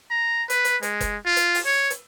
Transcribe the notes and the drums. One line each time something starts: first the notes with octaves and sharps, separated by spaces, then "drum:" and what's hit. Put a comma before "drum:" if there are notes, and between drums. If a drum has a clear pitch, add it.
A#5
B4, drum: hi-hat
drum: hi-hat
G#3, drum: hi-hat
drum: kick F#1, hi-hat
F4
drum: hi-hat
drum: open hi-hat
C#5
drum: hi-hat